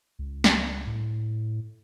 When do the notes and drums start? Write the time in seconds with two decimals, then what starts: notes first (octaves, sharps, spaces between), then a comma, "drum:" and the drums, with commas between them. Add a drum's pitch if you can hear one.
0.19 C#2
0.44 drum: snare
0.87 A2